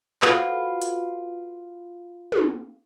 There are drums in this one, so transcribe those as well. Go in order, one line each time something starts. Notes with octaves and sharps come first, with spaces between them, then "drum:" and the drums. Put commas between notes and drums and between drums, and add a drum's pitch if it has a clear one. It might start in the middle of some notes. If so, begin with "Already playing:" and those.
F4 F#4 B4, drum: clap
drum: hi-hat
drum: tom